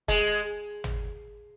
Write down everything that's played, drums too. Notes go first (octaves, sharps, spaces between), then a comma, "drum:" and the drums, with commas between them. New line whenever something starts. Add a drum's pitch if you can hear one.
G#3, drum: kick F#1
drum: tom